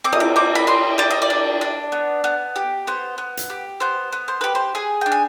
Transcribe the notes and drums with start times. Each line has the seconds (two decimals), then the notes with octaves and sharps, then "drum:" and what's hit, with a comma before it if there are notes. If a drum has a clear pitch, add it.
0.04 C4 D6
0.13 D#6, drum: cymbal
0.20 D6
0.36 C4 D6
0.55 B5
0.67 G4 C6
0.98 G4 D5
1.11 D#5
1.22 D5
1.30 D4
1.61 D4
1.92 B3
2.24 B3
2.56 G4
2.87 B3 C5
3.18 B3
3.37 drum: hi-hat
3.50 G4
3.80 B3 C5
4.12 B3
4.28 C5
4.41 G4 B4
4.55 C5
4.75 G#4 G#5
5.01 D4 G5
5.12 G#5